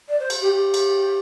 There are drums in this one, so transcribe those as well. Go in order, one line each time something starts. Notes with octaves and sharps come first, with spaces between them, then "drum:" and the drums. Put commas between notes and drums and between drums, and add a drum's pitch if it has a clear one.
D5
C5
drum: cymbal
G4
G4
drum: cymbal